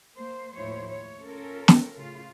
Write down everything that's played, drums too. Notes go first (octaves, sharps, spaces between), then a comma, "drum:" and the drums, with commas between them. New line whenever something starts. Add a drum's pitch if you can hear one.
A#3 C5
D#2 A2 F3 E4 C5 C#5
C#5
C#4 F4 A4 A#4
drum: snare
A2 C#3 F4